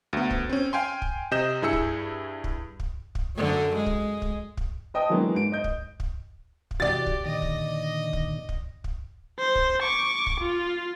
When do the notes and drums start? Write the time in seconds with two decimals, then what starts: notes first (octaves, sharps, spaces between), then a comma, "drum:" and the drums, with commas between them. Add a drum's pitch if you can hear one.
0.13 D2 B3
0.31 drum: kick
0.49 C4 C#4
0.73 F5 G5 G#5 C6
1.02 drum: kick
1.31 C3 D#5 G6 E7
1.62 G2 E4 G#4 E6 C#7
1.73 drum: kick
2.44 drum: kick
2.80 drum: kick
3.15 drum: kick
3.36 F#2 D3
3.76 G#3
3.86 drum: kick
4.22 drum: kick
4.57 drum: kick
4.94 B4 D#5 G5 A5 D#6
5.10 E3 F#3 G#3 A#3 B3 D4
5.34 G#2 D7
5.52 D#5 G6
5.64 drum: kick
6.00 drum: kick
6.71 drum: kick
6.80 C3 E3 F#4 G4 D5 A6
7.06 drum: kick
7.26 A#2 D3 D#3 D#5
7.42 drum: kick
8.13 drum: kick
8.49 drum: kick
8.84 drum: kick
9.39 C5
9.55 drum: kick
9.83 C#6 D6
10.27 drum: kick
10.40 F4